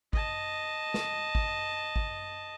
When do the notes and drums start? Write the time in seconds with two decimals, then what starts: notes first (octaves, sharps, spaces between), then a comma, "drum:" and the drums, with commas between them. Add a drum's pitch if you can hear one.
0.13 D#5 A5, drum: kick G#1
0.94 drum: snare
1.35 drum: kick G#1
1.96 drum: kick G#1